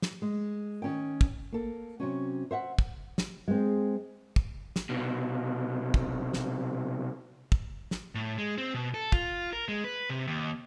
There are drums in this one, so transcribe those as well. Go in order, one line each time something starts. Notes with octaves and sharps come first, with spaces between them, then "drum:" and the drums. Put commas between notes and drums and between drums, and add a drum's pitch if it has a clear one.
drum: snare
G#3
D#3 C#4 G5
drum: kick
A#3 A4
C3 F#3 C#4
C5 E5 F#5
drum: kick
drum: snare
G#3 C4
drum: kick
drum: snare
C2 B2
drum: kick
drum: snare
drum: kick
drum: snare
A2
G#3
C4
B2
A4
F4, drum: kick
A#4
G#3
B4
C3
D#2